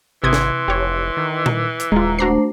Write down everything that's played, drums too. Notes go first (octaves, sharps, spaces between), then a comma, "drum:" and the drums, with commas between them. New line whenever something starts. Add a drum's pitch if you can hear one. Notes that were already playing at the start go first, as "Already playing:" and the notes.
G#1 C3 E3 C6 D#6 G#6
drum: snare
F1 G4 C#5
D#3
drum: tom A#2
drum: hi-hat
D#1 G#3 F4 A#5
A3 D4 F#4 C5 A#5 C7